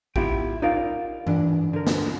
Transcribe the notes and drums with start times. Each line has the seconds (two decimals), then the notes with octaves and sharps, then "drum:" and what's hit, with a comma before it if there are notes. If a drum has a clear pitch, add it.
0.16 B3 E4 F4 G4 G5, drum: kick A1
0.62 D#4 F4 A#4 D5 F5
1.27 E3 D4, drum: tom
1.73 D3 A#4
1.87 drum: snare